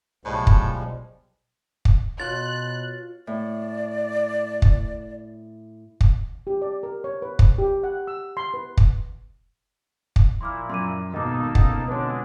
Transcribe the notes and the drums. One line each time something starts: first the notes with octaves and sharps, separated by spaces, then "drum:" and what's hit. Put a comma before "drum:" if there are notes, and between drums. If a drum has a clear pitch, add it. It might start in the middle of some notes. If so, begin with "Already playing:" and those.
B1 A2 F3 G3 G#3
drum: kick
drum: kick
B2 F4 C#5 F#6 A6
A2 D5
drum: kick
drum: kick
G4
D5
A#4
C#5
B4
drum: kick
G4
F#5
E6
C6
B4
drum: kick
drum: kick
A#2 F3 E4 C6 D6 F6
F#2 C6 D6 D#7
G#1 B2 A#3 D#4 A4 D#5 D6
C#2 B2 F#5, drum: kick
F2 D3 G#3 D4 B4 C#5